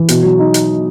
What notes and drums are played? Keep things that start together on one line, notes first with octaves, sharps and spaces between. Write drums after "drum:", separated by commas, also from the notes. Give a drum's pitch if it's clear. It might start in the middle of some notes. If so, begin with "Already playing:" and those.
Already playing: E3
B2, drum: hi-hat
F#3
D#4
drum: hi-hat